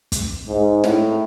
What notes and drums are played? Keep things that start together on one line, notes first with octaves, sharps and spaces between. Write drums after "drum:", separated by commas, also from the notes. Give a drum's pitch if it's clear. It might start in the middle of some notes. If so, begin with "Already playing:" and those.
drum: kick, hi-hat
G#2
A2, drum: snare